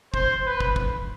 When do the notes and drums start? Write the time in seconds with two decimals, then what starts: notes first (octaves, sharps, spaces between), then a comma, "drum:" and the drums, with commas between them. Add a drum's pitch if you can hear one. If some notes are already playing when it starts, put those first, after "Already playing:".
0.14 C5, drum: kick
0.46 B4
0.60 drum: kick
0.76 drum: kick